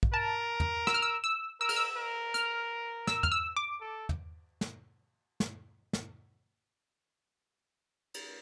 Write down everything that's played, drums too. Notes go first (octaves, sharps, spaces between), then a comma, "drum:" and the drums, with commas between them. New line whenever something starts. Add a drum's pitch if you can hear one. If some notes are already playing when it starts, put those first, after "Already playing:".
drum: kick
A#4 A5
drum: tom
E6, drum: rim click
F6
E6
E6
A#4 E6
F6, drum: cymbal
E6
A#4
F6, drum: hi-hat
E6, drum: snare
F6, drum: tom
E6
D6
A4
drum: tom
drum: snare
drum: snare
drum: snare
drum: cymbal